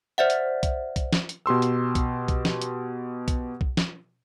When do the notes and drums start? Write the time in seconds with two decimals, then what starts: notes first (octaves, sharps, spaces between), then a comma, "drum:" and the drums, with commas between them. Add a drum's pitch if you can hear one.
0.18 C5 D5 E5 F#5
0.30 drum: hi-hat
0.63 drum: kick, hi-hat
0.96 drum: kick, hi-hat
1.13 drum: snare
1.29 drum: hi-hat
1.46 B2 G4 C6 E6
1.62 drum: hi-hat
1.95 drum: kick, hi-hat
2.28 drum: kick, hi-hat
2.45 drum: snare
2.61 drum: hi-hat
3.28 drum: kick, hi-hat
3.61 drum: kick
3.77 drum: snare